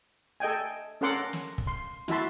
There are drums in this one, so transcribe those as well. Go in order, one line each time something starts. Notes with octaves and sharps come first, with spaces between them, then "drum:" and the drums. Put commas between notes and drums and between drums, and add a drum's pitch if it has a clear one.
A4 D#5 G5 G#5
C#4 A4 A#4 F#5 C6 D6
drum: snare
drum: kick
C6
E4 F#4 E5 A5 C6, drum: snare